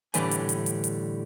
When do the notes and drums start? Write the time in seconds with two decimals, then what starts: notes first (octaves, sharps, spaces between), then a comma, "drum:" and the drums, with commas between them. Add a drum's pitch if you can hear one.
0.14 A2 D3 E3 G3 B4 G#5, drum: hi-hat
0.31 drum: hi-hat
0.49 drum: hi-hat
0.66 drum: hi-hat
0.84 drum: hi-hat